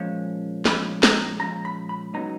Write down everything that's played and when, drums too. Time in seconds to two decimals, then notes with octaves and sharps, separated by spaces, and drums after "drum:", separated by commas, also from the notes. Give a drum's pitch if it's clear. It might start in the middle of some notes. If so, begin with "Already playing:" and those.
Already playing: A#2 F3 G#3 C#4
0.65 A#2 F3 G#3 C#4 B5, drum: snare
1.03 A#5, drum: snare
1.40 A#2 F3 G#3 C#4 A#5
1.65 B5
1.89 B5
2.13 C#2 C#3 F#3 B3 D#4 A#5